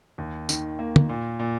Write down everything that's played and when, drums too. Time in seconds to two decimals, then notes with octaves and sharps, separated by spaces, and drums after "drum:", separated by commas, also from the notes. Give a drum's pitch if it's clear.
0.18 D#2
0.49 D#3, drum: tambourine
0.79 A#3
0.96 drum: tom
1.09 A#2
1.39 A#2